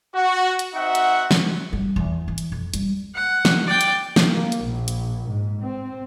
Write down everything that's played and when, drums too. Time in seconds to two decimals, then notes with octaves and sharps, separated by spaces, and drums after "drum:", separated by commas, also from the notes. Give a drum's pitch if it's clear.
0.15 F#4
0.59 drum: hi-hat
0.74 C4 D#4 F#4 E5 F#5
0.95 drum: hi-hat
1.31 drum: snare
1.73 G3
1.96 E2
2.28 E3
2.38 drum: hi-hat
2.52 F2
2.74 G3, drum: hi-hat
3.14 F#5
3.45 drum: snare
3.67 D5 G5
3.81 drum: hi-hat
4.16 drum: snare
4.30 A#3
4.52 drum: hi-hat
4.65 A#1
4.88 drum: hi-hat
5.30 G#2
5.62 C4